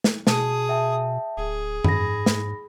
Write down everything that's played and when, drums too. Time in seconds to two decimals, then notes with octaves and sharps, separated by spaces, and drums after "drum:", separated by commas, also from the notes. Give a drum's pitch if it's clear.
0.04 drum: snare
0.27 B2 G#4 A5 D#6, drum: snare
0.69 E5 G5 A5
1.37 D1 G#4
1.84 G#2 B5 A#6, drum: tom F#2
2.26 drum: snare